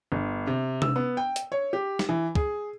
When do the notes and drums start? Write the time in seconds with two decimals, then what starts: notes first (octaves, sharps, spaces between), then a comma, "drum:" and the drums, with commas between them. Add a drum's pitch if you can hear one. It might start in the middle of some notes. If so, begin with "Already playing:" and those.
0.12 G1
0.47 C3
0.82 E6, drum: tom C3
0.96 B3
1.17 G5
1.36 drum: hi-hat
1.52 C#5
1.73 G4
1.99 drum: snare
2.09 E3
2.35 G#4, drum: kick